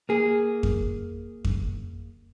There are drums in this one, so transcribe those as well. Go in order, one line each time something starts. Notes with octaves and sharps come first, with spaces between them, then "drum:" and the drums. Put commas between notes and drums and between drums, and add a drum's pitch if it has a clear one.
A#3 G#4
drum: kick F2
drum: kick F2